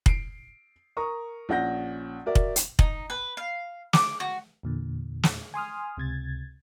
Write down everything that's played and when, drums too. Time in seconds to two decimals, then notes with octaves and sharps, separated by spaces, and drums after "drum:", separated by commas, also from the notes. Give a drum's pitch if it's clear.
0.06 C7 D7, drum: kick
0.97 A#4 A#5 C#6 D#6
1.49 A#1 C#4 F#5 G6 A#6
2.26 F#4 A#4 D5 E5
2.35 drum: kick
2.56 drum: hi-hat
2.79 D#4, drum: kick
3.10 B4
3.37 F5
3.93 D6, drum: snare
4.20 F#4
4.63 E2 A#2 D3
5.23 drum: snare
5.54 G#5 C6 D#6 F6
5.97 C#2 C3 G#6 A6